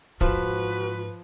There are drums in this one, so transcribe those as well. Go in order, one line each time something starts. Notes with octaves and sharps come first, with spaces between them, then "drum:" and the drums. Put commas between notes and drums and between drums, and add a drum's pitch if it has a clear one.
G#2 F3 F#4 B4, drum: kick